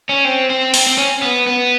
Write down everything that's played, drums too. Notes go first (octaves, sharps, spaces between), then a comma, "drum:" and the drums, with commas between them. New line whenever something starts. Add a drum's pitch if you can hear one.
C#4
C4
C4
C4, drum: open hi-hat
C4
C#4
B3
B3